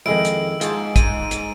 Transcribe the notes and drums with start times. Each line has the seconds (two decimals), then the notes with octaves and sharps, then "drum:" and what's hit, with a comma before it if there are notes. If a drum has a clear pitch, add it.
0.06 F2 D#3 G#3 E4 E6 D7
0.25 drum: hi-hat
0.61 G#2 F4 G#4 A5, drum: hi-hat
0.96 G#2 D#7, drum: kick, hi-hat
1.31 drum: hi-hat